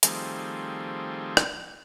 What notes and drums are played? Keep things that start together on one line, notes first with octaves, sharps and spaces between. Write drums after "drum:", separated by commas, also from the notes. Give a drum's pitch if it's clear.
D#3 F3 G3 A3 C4 G#4, drum: hi-hat
drum: rim click